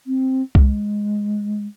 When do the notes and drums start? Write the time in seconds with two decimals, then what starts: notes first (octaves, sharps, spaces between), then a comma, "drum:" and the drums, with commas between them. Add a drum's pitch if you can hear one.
0.06 C4
0.55 G#3, drum: kick C2